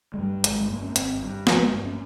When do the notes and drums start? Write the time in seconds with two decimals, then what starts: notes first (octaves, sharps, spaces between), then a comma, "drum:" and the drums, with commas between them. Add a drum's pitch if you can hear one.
0.14 G#3
0.19 G2 G3
0.44 G#1 G#3, drum: hi-hat
0.58 G#3
0.70 G2 A#3
0.83 C#4
0.96 G#1 C4, drum: hi-hat
1.21 G2
1.47 G#1 F3, drum: snare
1.59 G#3
1.73 G2 A#3
1.86 C#4